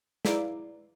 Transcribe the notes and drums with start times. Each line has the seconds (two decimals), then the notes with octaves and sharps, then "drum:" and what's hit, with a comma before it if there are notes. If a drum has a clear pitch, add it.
0.25 E4 G#4 B4 D5 F5 A#5, drum: snare